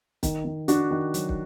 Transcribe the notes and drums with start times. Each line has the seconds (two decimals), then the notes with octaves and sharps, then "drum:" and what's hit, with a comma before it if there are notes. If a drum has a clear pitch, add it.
0.23 D#3, drum: kick, hi-hat
0.45 D#3
0.68 D#3 D4 F#4, drum: hi-hat
0.91 D#3
1.14 F#3, drum: hi-hat
1.29 drum: kick